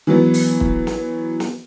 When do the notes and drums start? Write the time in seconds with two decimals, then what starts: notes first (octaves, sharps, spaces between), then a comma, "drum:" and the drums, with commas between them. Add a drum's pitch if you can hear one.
0.07 E3 F#3 B3
0.34 drum: open hi-hat
0.60 drum: kick
0.87 drum: snare
1.40 drum: snare